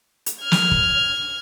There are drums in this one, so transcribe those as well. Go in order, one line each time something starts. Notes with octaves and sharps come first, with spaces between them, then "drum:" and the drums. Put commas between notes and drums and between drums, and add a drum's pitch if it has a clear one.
drum: hi-hat
F6 G#6
drum: snare
drum: kick